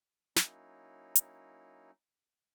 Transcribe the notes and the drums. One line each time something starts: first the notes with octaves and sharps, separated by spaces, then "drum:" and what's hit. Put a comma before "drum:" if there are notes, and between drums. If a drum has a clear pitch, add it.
F#3 A#3 C#4 D#4 E4, drum: snare
drum: hi-hat